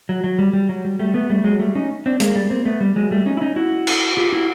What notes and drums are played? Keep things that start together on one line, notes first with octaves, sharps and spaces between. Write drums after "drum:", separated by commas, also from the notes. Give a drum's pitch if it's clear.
F#3
F#3
G3
G3
F#3
G3
G3 A3
A3 B3
G3 A3
F#3 G#3
G3 A3
C#4 D#4
C4 D4
G#3 A#3, drum: hi-hat
G3
A#3 C4
A3 B3
G3
F#3 G#3
G3 A3
C#4 D#4
E4
C#4 D#4
E4 F#4
drum: cymbal
F4 G4
E4 F#4